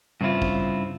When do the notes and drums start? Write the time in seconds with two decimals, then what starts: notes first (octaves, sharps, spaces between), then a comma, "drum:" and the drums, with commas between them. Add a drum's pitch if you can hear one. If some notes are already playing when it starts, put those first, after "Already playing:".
0.21 G2 C#3 C4 E4 F4
0.42 drum: kick